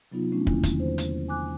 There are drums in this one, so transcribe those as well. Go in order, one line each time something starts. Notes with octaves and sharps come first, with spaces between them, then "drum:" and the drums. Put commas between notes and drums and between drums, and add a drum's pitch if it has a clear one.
C3 F#3 B3 D#4 F4
F3 A3 C#4 D4
E2 D3 D#3 G3 A#3 E4, drum: kick
drum: kick, hi-hat
C5
drum: hi-hat
G#5 D6 F#6